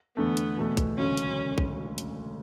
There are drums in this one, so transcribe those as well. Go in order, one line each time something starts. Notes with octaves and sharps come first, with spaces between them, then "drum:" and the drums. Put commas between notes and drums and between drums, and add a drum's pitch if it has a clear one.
E2 D3 A3 B3
drum: hi-hat
E2 B2 A3
drum: kick, hi-hat
E1 D2 C#3 F#3 C#4
drum: hi-hat
drum: kick
drum: hi-hat